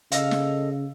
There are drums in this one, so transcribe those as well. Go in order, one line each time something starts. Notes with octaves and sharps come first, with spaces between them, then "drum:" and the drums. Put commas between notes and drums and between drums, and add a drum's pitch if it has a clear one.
C#3 A4 D#5 F5, drum: hi-hat
drum: snare